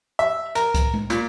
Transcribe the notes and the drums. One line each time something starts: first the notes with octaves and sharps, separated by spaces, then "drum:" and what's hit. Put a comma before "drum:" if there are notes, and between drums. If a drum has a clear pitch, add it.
E5
A#4, drum: hi-hat
drum: kick C2, hi-hat
drum: tom G#3
A#2, drum: hi-hat